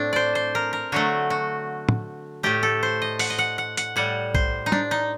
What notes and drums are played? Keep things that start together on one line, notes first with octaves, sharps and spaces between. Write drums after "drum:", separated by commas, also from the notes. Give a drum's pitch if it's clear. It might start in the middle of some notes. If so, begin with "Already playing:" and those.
Already playing: A2 A3 C4 D4
C5 D5
C5
A#4
A#4
D3 F#3 A3 F#4
F#4
drum: tom
A2 A3 G4
A4
C5
D#5
F#5, drum: open hi-hat
D#5
F#5
F#5
F#5, drum: hi-hat
A2 G3 F#5
C5, drum: kick
D#4
D4, drum: tom
D#4